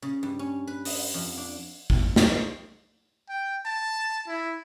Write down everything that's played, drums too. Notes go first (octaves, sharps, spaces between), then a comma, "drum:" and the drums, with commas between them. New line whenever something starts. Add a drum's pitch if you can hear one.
C#3
G2
C#4
B4
D#5, drum: open hi-hat
F2
D4
drum: kick
drum: snare
G5
A5
E4